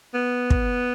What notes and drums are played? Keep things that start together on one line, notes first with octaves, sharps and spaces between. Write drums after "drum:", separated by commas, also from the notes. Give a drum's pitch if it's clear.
B3
drum: kick